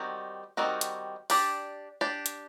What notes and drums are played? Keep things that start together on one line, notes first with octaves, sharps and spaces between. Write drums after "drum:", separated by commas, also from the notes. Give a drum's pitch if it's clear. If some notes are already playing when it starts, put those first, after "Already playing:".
Already playing: D#3 G3 C4 F#4 A#4
D#3 G3 C4 F#4 A#4
drum: hi-hat
D4 G4 D5, drum: open hi-hat
D4 G4 D5
drum: hi-hat